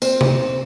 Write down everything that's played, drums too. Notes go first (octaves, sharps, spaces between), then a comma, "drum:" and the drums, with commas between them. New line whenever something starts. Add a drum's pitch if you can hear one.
C4, drum: tambourine
drum: tom C3